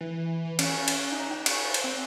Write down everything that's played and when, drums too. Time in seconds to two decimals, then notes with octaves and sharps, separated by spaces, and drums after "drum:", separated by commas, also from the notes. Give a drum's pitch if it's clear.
0.01 E3
0.45 E3
0.59 C#4, drum: cymbal
0.88 drum: cymbal
1.12 D#4
1.31 G5
1.46 C#6, drum: cymbal
1.65 C5
1.74 drum: cymbal
1.84 C4